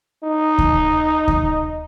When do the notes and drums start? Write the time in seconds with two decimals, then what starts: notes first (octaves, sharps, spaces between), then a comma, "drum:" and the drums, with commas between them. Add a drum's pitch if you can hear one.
0.24 D#4
0.58 drum: kick D2
1.28 drum: kick D2